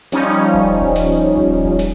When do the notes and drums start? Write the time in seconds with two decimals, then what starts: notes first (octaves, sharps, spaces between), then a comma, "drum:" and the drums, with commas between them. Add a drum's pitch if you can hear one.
0.12 F3 G3 C#4 D#4, drum: snare
0.54 drum: kick D#1
0.82 drum: kick D#1
0.96 drum: snare
1.37 drum: kick D#1
1.65 drum: kick D#1
1.79 drum: snare